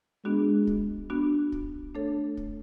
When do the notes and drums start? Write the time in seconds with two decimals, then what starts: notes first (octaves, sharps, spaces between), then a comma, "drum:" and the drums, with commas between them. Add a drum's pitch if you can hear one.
0.25 G#3 B3 D4 F#4
0.67 drum: kick
1.10 B3 D4 F#4
1.52 drum: kick
1.95 A3 D4 A4 C#5
2.37 drum: kick